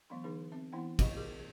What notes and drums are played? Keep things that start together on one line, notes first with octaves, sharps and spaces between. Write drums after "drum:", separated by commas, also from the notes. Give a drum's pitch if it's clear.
E3 F#3 A3 B3 D4 C6
D3 E3 D4 D#4 G#4
C4 E5
E3 B3 D4 E4 F#5 G5
A3 G4 D#5 B5 C#6, drum: kick, cymbal
F#4 G#4 A#4